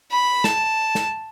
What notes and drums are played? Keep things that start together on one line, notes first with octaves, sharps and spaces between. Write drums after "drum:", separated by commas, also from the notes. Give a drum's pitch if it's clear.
B5
A5, drum: snare
drum: snare